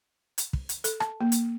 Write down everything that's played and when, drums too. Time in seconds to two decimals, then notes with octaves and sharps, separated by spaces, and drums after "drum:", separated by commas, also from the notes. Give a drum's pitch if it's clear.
0.38 drum: hi-hat
0.53 drum: kick
0.69 drum: hi-hat
0.84 A4, drum: hi-hat
1.00 A5, drum: rim click
1.21 A#3
1.32 drum: hi-hat